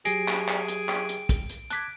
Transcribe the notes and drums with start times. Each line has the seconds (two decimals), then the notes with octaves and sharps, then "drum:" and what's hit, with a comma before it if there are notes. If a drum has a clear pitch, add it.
0.05 F#3 G4 G#4 G#5 A#6 C7 D7, drum: hi-hat
0.28 drum: clap
0.48 drum: clap
0.68 drum: hi-hat
0.89 G5, drum: clap
1.09 drum: hi-hat
1.29 drum: kick, hi-hat
1.50 drum: hi-hat
1.70 A5 D6 F#6 G#6 B6, drum: hi-hat